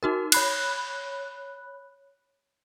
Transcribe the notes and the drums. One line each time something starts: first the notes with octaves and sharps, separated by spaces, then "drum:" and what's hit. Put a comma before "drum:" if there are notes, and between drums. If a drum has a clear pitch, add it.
D#4 F#4 A#4
C#5 B5 F#6, drum: cymbal